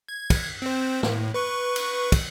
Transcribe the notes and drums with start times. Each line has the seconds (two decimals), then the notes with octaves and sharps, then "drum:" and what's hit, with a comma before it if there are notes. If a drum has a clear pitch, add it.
0.08 G#6
0.30 drum: kick, cymbal
0.62 C4 C5
1.03 A2, drum: snare
1.34 B4 C#6
1.76 drum: cymbal
2.12 drum: kick, cymbal